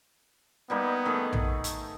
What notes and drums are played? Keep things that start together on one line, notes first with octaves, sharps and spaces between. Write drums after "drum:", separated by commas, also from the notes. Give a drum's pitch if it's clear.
G3 A#3 B3 D#4
D#3 A3 G#4
drum: tom A#1
drum: hi-hat